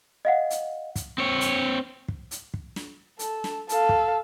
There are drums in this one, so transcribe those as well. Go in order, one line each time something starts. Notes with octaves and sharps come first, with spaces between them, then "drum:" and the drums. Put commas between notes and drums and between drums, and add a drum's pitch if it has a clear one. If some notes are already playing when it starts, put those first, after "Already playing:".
D#5 F5 F#5
drum: hi-hat
drum: kick, hi-hat
C4 C#5
drum: hi-hat
drum: kick
drum: hi-hat
drum: kick
drum: snare
A4, drum: hi-hat
drum: snare
A4 F5, drum: hi-hat
drum: kick